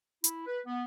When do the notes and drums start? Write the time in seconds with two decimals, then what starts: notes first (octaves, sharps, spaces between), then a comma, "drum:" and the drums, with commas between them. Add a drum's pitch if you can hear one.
0.24 E4, drum: hi-hat
0.46 B4
0.66 B3